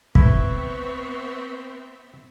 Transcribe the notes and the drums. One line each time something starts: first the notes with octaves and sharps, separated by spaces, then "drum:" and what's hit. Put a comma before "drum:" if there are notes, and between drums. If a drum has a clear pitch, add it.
B3 C4 E4 B4 E5 C#6, drum: kick